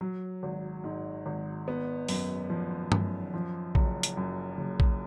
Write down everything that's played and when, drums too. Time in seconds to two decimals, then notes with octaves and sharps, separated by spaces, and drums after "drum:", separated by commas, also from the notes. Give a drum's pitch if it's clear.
0.01 F#3
0.43 G#1
0.84 G#2
1.26 G#1
1.68 B3
2.08 F#2, drum: open hi-hat
2.50 F3
2.92 F#2, drum: tom
3.34 F3
3.75 F#1, drum: kick A#1
4.03 drum: hi-hat
4.17 F#2
4.58 F#1
4.80 drum: kick A#1